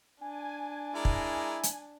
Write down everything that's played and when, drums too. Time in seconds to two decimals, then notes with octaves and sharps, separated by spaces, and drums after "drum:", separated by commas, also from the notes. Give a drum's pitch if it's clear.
0.21 D4 G#5
0.95 G#3 E4 A#4 D5
1.05 drum: kick
1.63 drum: hi-hat